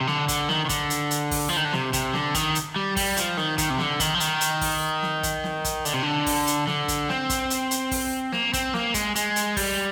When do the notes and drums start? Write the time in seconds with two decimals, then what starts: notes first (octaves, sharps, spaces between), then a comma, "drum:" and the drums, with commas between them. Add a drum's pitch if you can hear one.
0.01 C3
0.07 D3, drum: snare
0.28 D3, drum: kick, hi-hat
0.49 D#3, drum: snare
0.65 D#3
0.69 D3, drum: kick, hi-hat
0.90 drum: hi-hat
1.11 drum: hi-hat
1.31 drum: kick, open hi-hat
1.49 F3
1.57 D#3
1.65 D3
1.73 C3, drum: snare
1.93 C3, drum: kick, hi-hat
2.14 D3, drum: snare
2.34 D#3, drum: kick, hi-hat
2.55 drum: hi-hat
2.76 G3
2.96 G3, drum: kick, open hi-hat
3.17 F3, drum: hi-hat
3.37 D#3, drum: snare
3.58 D#3, drum: kick, hi-hat
3.70 C3
3.79 D3, drum: snare
4.00 D#3, drum: kick, hi-hat
4.14 F3
4.20 D#3, drum: hi-hat
4.41 drum: hi-hat
4.61 drum: kick, open hi-hat
5.03 drum: snare
5.23 drum: kick, hi-hat
5.44 drum: snare
5.64 drum: kick, hi-hat
5.85 D3, drum: hi-hat
5.94 C3
6.03 D3
6.26 drum: kick, open hi-hat
6.47 drum: hi-hat
6.67 D3, drum: snare
6.88 drum: kick, hi-hat
7.09 C4, drum: snare
7.30 drum: kick, hi-hat
7.50 drum: hi-hat
7.71 drum: hi-hat
7.91 drum: kick, open hi-hat
8.32 A#3, drum: snare
8.53 C4, drum: kick, hi-hat
8.74 A#3, drum: snare
8.94 G#3, drum: kick, hi-hat
9.15 G#3, drum: hi-hat
9.36 drum: hi-hat
9.57 G3, drum: kick, open hi-hat